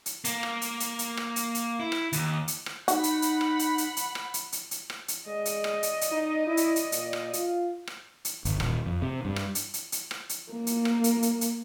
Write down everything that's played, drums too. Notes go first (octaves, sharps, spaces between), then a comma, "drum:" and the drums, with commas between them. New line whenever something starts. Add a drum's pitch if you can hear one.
drum: hi-hat
A#3, drum: hi-hat
drum: rim click
drum: hi-hat
drum: hi-hat
drum: hi-hat
drum: rim click
drum: hi-hat
drum: hi-hat
E4
drum: rim click
D#2, drum: hi-hat
drum: hi-hat
drum: rim click
D#4 F#4 F#5 B5, drum: hi-hat
drum: hi-hat
drum: hi-hat
drum: rim click
drum: hi-hat
drum: hi-hat
drum: hi-hat
drum: rim click
drum: hi-hat
drum: hi-hat
drum: hi-hat
drum: rim click
drum: hi-hat
G#3 D5 D#5
drum: hi-hat
drum: rim click
drum: hi-hat
drum: hi-hat
D#4
E4
drum: hi-hat
drum: hi-hat
A#2, drum: hi-hat
drum: rim click
F4, drum: hi-hat
drum: rim click
drum: hi-hat
G1, drum: hi-hat
D#1, drum: rim click
F2
C3
G2
drum: rim click
drum: hi-hat
drum: hi-hat
drum: hi-hat
drum: rim click
drum: hi-hat
A#3
drum: hi-hat
drum: rim click
drum: hi-hat
drum: hi-hat
drum: hi-hat